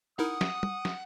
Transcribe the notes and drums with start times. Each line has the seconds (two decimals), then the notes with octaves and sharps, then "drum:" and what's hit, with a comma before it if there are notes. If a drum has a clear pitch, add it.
0.19 D#4 E4 A#4 F#5 D#6
0.41 drum: snare
0.63 drum: tom
0.85 drum: snare